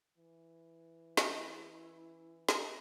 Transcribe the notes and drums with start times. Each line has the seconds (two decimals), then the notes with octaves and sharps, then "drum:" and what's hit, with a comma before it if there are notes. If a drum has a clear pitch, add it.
0.18 E3
1.17 C#4 E4 G4 E5, drum: snare
2.49 drum: snare